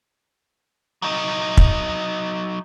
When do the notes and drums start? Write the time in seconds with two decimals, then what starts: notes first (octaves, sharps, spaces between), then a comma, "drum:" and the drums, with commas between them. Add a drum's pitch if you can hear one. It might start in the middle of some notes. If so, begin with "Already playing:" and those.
1.02 F#3 D#4
1.57 drum: kick